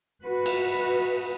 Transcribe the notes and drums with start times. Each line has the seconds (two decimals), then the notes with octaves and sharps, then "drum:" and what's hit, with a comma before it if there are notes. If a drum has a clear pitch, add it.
0.23 F#4 B4
0.46 drum: cymbal